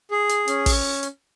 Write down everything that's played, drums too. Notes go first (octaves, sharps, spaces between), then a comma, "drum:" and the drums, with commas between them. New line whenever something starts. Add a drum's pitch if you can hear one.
G#4
drum: hi-hat
C#4, drum: hi-hat
drum: kick, open hi-hat
drum: hi-hat